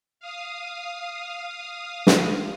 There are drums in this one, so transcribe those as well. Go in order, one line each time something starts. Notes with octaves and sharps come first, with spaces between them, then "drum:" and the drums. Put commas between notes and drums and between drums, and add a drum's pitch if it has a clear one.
F5 D#6
drum: snare